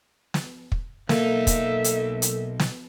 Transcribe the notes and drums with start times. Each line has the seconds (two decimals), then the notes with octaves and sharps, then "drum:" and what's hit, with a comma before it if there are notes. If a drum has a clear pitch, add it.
0.34 drum: snare
0.72 drum: kick
1.09 B1 A#3 D#4 A4 E5, drum: snare
1.47 drum: kick, hi-hat
1.84 drum: hi-hat
2.22 drum: hi-hat
2.59 drum: snare